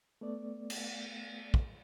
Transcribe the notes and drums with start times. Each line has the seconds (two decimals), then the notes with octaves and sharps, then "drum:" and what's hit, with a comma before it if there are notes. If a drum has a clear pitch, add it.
0.21 A3 B3 D5
0.70 drum: cymbal
1.54 drum: kick